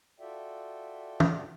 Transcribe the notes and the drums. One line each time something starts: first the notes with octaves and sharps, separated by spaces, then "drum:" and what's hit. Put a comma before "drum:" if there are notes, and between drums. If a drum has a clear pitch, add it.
F4 F#4 A4 D5 E5 G5
drum: tom